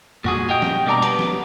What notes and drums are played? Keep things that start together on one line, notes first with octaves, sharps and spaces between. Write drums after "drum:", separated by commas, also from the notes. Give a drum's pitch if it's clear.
A#2 F#4 G#4, drum: tom F2
G4 D#5 G5
drum: snare
G2 B2 A#3 D5 A5 A#5
B3 G4 B4, drum: hi-hat
drum: snare